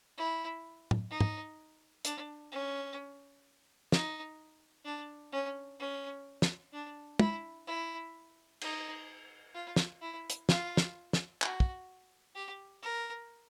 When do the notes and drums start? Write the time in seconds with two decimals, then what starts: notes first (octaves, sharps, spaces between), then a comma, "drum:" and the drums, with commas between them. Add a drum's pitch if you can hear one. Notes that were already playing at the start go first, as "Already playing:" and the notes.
0.17 E4
0.91 drum: tom
1.10 D#4
1.21 drum: tom
2.05 D4, drum: hi-hat
2.52 C#4
3.92 D#4, drum: snare
4.85 D4
5.33 C#4
5.79 C#4
6.42 drum: snare
6.73 D4
7.19 E4, drum: tom
7.67 E4
8.61 D#4, drum: cymbal
9.54 F4
9.76 drum: snare
10.01 E4
10.30 drum: hi-hat
10.49 F4, drum: snare
10.77 drum: snare
11.13 drum: snare
11.42 F#4, drum: clap
11.60 drum: kick
12.35 G4
12.83 A#4